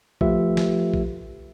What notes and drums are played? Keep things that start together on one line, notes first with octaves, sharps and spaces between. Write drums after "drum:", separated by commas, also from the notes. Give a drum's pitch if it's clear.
F3 A3 F4 G4 B4 E5, drum: kick A#1
drum: snare
drum: kick A#1